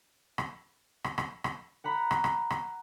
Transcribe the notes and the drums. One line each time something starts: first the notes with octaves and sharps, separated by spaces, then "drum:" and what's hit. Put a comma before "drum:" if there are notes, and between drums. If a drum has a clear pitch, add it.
drum: rim click
drum: rim click
drum: rim click
drum: rim click
F#5 A#5 B5
drum: rim click
drum: rim click
drum: rim click